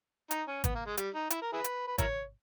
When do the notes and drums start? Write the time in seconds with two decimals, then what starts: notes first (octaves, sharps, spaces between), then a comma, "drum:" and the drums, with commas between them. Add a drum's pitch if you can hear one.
0.31 D#4, drum: hi-hat
0.48 C#4
0.64 B3, drum: kick G#1, hi-hat
0.75 A#3
0.86 G#3
0.97 G3, drum: hi-hat
1.14 D#4
1.30 E4, drum: hi-hat
1.42 A#4
1.53 E4 G#4 B4
1.64 drum: hi-hat
1.88 B4
1.98 E4 A#4 C#5, drum: kick G#1, hi-hat